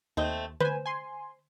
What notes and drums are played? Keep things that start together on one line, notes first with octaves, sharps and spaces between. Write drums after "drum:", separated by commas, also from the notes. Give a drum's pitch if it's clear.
D#2 A3 C4 D#5
B4 C5 G#5, drum: tom D3
G#5 C6